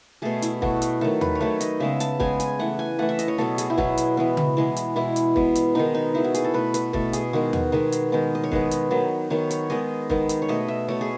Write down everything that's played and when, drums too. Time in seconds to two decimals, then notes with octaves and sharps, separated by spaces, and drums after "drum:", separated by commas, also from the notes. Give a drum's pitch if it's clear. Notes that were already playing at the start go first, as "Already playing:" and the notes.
0.22 B2 A3 G#4
0.42 E4, drum: hi-hat
0.62 B2 A3 F#4, drum: kick
0.82 drum: hi-hat
1.01 D#3 F#3 A3 A4
1.21 B4, drum: tom D#2
1.35 C#5
1.41 D#3 F#3 A3 B4
1.61 D#5, drum: hi-hat
1.80 C#3 G#3 B3 E5
2.00 A5, drum: hi-hat
2.20 C#3 G#3 B3 G#5, drum: kick
2.40 G#5, drum: hi-hat
2.59 E3 A3 F#5
2.79 G#5
2.99 E3 A3 F#5
3.09 E5
3.19 D#5, drum: hi-hat
3.28 C#5
3.38 B2 F#3 B3 A4
3.58 G#4, drum: hi-hat
3.70 E4
3.78 B2 F#3 B3 F#4, drum: kick
3.97 drum: hi-hat
4.17 E3 G#3 B3
4.37 drum: tom C#3
4.57 E3 G#3 B3
4.76 drum: hi-hat
4.96 B2 G#3 B3 E4
5.16 drum: hi-hat
5.36 B2 G#3 B3, drum: kick
5.55 drum: hi-hat
5.75 D#3 G#3 B3 D#4
5.95 D#4
6.14 D#3 G#3 B3 E4
6.24 F#4
6.34 G#4, drum: hi-hat
6.44 A4
6.54 B2 A3 B4
6.74 B4, drum: hi-hat
6.93 B2 A3 A4, drum: kick
7.13 G#4, drum: hi-hat
7.33 D#3 G#3 B3 F#4
7.53 F#4, drum: tom D#2
7.72 D#3 G#3 B3 G#4
7.92 drum: hi-hat
8.12 D#3 G#3 B3
8.35 D#5
8.44 C#5
8.51 D#3 G#3 B3 B4, drum: kick
8.71 drum: hi-hat
8.91 D#3 F#3 B3
9.30 D#3 F#3 B3 C#5
9.51 C#5, drum: hi-hat
9.70 D#3 G#3 B3 D#5
10.10 D#3 G#3 B3, drum: kick
10.29 drum: hi-hat
10.42 C#5
10.48 B2 A3 D#5
10.68 E5
10.88 B2 A3 C#5
11.01 G#4